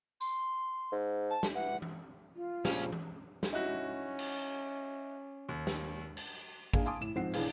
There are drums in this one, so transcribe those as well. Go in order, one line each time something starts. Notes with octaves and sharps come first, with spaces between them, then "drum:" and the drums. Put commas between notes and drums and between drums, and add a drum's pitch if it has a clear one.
C6, drum: tambourine
G#2
A5
drum: snare
E3 F#5
drum: tom E3
F4
C#2 A#2 C#3 F3 C#4, drum: snare
drum: tom E3
drum: snare
C#4 D#4 E4 F#4
drum: cymbal
D#2
drum: snare
drum: cymbal
A#3 D4 G#4 F5, drum: kick
F5 G#5 A5 C6 D6 D#6
A2 E7
G#2 F3 C4 F#5 C7
B1 E3 D4 G#4 B4 F5, drum: cymbal